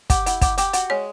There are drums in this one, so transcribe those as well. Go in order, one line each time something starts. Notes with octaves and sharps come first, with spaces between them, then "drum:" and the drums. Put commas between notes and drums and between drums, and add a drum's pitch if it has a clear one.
G4 F#5, drum: kick, hi-hat
E4 F#5, drum: hi-hat
G4 F#5, drum: kick, hi-hat
G4 G5, drum: hi-hat
F#4 F#5, drum: hi-hat
G#3 C#5